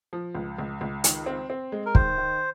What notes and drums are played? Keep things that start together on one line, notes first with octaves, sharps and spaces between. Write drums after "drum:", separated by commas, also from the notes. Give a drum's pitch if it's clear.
F3
C#2
C#2
C#2
D#3, drum: hi-hat
C4
C4
G#3
A#4
D#3 C5, drum: kick
D#3